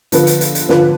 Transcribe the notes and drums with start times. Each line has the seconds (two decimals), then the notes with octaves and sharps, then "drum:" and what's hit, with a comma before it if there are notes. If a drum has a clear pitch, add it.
0.12 D3 F3 B3 F4 B4, drum: hi-hat
0.27 drum: hi-hat
0.41 drum: hi-hat
0.55 drum: hi-hat
0.69 D3 F3 B3 F4 B4, drum: snare